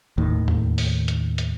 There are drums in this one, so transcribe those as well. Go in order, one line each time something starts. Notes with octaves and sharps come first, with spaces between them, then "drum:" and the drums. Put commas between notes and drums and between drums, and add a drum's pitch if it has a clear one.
D#2 A2 D#3
drum: tom E2
drum: open hi-hat
drum: hi-hat
drum: hi-hat